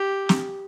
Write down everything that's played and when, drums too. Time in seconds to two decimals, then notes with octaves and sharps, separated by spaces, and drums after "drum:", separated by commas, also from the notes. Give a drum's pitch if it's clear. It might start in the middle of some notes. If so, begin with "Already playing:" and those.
Already playing: G4
0.29 drum: snare